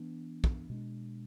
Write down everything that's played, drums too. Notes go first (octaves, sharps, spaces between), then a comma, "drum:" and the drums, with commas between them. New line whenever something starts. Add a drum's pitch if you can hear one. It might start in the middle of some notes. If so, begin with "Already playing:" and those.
Already playing: E3 B3 D4
drum: kick
B2 G#3 D4